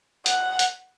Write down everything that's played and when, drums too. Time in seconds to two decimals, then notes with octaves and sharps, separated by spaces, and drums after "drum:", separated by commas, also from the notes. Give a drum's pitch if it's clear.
0.26 F#5, drum: hi-hat
0.59 drum: hi-hat